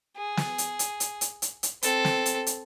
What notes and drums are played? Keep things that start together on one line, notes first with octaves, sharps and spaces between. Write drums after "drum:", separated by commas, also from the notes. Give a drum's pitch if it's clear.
G#4
drum: snare
drum: hi-hat
drum: hi-hat
drum: hi-hat
drum: hi-hat
drum: hi-hat
drum: hi-hat
C4 A4, drum: hi-hat
drum: snare
drum: hi-hat
drum: hi-hat